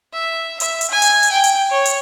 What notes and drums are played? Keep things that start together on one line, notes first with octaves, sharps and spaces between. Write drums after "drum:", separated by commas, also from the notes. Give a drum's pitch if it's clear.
E5
E5, drum: hi-hat
drum: hi-hat
G#5
drum: hi-hat
drum: hi-hat
G5
drum: hi-hat
C#5
drum: hi-hat